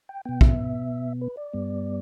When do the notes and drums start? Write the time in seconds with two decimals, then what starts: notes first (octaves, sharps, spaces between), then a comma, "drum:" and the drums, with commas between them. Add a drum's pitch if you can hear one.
0.09 G5
0.25 B2 B3 G5
0.41 E5, drum: kick
1.21 B4
1.37 D5
1.53 G2 G3 B3